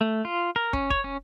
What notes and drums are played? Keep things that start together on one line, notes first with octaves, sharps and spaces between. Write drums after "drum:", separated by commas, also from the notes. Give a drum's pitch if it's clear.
A3
F4
A#4
C#4, drum: kick
C#5, drum: kick
C#4